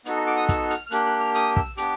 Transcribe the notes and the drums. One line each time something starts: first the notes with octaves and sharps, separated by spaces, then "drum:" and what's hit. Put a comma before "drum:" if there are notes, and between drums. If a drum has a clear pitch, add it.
B3 D#4 F#4 A4, drum: hi-hat
A#5
D6
D#6
E6, drum: kick, hi-hat
F6, drum: hi-hat
F6
A#3 D4 G4 F#6, drum: hi-hat
F#6
F6
D#6, drum: hi-hat
E6, drum: kick
B3 D4 G4 D6, drum: hi-hat